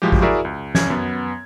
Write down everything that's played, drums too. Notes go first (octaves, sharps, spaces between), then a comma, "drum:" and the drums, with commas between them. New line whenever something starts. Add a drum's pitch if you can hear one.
A2 F3 F#3 G#3 G4
drum: kick A1
E4 F#4 G#4 A#4 D5 E5
C#2
C2 C#4 G#6, drum: snare
F#2 B3